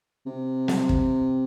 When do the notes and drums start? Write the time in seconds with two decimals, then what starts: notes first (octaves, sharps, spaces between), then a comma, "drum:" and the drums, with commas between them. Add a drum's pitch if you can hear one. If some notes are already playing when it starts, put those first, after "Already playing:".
0.26 C3
0.68 drum: snare
0.89 drum: kick